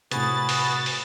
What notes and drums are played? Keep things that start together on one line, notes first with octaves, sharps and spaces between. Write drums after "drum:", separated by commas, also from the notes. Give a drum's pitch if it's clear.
A2 C3 F#4 G#4 B4 B5 D#6 A6, drum: hi-hat
drum: open hi-hat
drum: open hi-hat